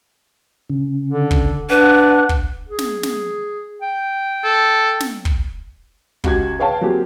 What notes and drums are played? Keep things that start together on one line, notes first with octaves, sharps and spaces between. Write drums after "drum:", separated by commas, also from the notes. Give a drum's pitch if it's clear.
C#3
D3
drum: kick
D4 B4 F#5
drum: kick
G#4
drum: snare
drum: snare
G5
A4
drum: snare
drum: kick
C#2 F#4 G4 G#6, drum: kick
G#4 B4 C#5 F5 G5 A5
F#3 A#3 C4 G4 G#4